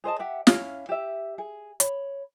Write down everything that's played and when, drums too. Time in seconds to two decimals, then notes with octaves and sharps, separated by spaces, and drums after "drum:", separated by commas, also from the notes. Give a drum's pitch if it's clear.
0.04 G#4 C5 D#5 A5
0.19 G4 E5 F#5
0.47 C#4 E4 F5, drum: snare
0.89 G4 E5
1.38 G#4
1.80 C#5 B5, drum: hi-hat